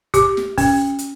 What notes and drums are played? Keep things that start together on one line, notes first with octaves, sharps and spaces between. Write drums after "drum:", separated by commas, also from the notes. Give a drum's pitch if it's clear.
G4, drum: kick, hi-hat
drum: snare
C#4, drum: kick, open hi-hat
drum: hi-hat